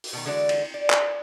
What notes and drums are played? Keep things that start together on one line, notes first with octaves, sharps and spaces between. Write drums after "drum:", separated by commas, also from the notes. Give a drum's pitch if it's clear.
drum: open hi-hat
B2 D#3
D3 E3 G#3 F#4 D5
drum: cymbal
D5
drum: clap